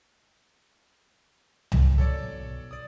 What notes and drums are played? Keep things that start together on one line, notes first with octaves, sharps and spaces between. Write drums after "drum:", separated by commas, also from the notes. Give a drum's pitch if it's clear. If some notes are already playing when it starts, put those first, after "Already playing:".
B1, drum: tom C2
A4 C#5 D5
D5 D#6